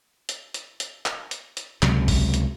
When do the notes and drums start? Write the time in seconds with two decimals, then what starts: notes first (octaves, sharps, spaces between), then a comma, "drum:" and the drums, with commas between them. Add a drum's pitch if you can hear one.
0.29 drum: hi-hat
0.54 drum: hi-hat
0.80 drum: hi-hat
1.06 drum: clap
1.31 drum: hi-hat
1.57 drum: hi-hat
1.82 C#2 C3 F#3, drum: clap
2.08 drum: kick A1, open hi-hat
2.34 drum: hi-hat